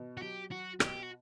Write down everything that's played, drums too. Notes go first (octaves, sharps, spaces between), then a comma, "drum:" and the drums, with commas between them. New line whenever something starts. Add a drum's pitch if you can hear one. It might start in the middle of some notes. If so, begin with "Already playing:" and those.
Already playing: B2
F#4
F#3 G4
F#3 F#4
B2 G4, drum: rim click
F#4